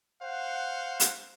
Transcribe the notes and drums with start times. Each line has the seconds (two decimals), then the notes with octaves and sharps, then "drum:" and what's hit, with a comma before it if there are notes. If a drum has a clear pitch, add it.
0.22 C5 F5 F#5
1.00 drum: hi-hat